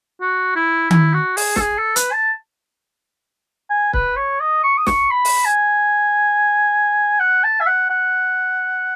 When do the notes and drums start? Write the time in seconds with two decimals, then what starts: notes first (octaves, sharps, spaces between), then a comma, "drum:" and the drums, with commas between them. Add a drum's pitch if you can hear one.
0.21 F#4
0.56 E4
0.91 E4, drum: tom D#3
1.14 F#4
1.37 G#4, drum: open hi-hat
1.56 A4, drum: snare
1.60 G#4
1.78 A4
1.96 B4, drum: hi-hat
2.12 A5
3.70 G#5
3.93 B4, drum: kick C#1
4.16 C#5
4.40 D#5
4.64 C#6
4.78 D#6
4.87 C#6, drum: snare
5.11 B5
5.25 drum: open hi-hat
5.45 G#5
7.20 F#5
7.44 A5
7.61 E5
7.67 F#5
7.90 F#5